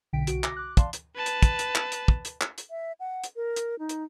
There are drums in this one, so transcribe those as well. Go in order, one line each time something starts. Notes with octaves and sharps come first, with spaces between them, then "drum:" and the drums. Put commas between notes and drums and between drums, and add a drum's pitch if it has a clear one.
B1 B2 D3 G5 B6 D7
C2 F#4 D7, drum: hi-hat
D6 A#6, drum: clap
D6 F#6
D5 F5 A5 C6, drum: kick, hi-hat
drum: hi-hat
B4 A5
drum: hi-hat
drum: kick, hi-hat
drum: hi-hat
drum: clap
drum: hi-hat
drum: kick
drum: hi-hat
drum: clap
drum: hi-hat
E5
F#5
drum: hi-hat
A#4
drum: hi-hat
D#4
drum: hi-hat